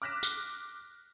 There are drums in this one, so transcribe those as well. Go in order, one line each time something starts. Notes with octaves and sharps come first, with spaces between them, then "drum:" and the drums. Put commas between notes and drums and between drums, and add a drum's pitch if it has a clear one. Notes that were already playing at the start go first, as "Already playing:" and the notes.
D6 F6 F#6 A#6 B6 E7
drum: tambourine